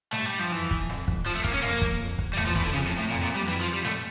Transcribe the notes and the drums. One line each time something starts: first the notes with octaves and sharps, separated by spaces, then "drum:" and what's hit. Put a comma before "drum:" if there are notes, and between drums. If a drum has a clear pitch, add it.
G2 A3, drum: snare
G3
F3
F2 E3
drum: kick
F2, drum: snare
drum: kick
F3
A3
A#3, drum: kick
C#4
F2 A#3, drum: snare
drum: kick
F2
drum: kick
G3
E2 A3, drum: snare
F3
E3, drum: kick
D3
F2 C#3
A2
A2
F2 A#2, drum: snare
A#2
G3
F2 E3
F3
G3
A3, drum: snare